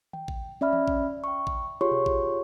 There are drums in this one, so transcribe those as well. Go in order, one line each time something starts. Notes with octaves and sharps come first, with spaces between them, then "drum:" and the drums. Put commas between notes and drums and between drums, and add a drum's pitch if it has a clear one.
G5, drum: tom D#3
drum: kick A1
C#4 D5 E5 B5 F6
drum: tom E3
drum: kick A1
G5 C#6
drum: kick A1
F4 G4 G#4 C#5 C6 C#6
drum: tom B2
drum: kick A1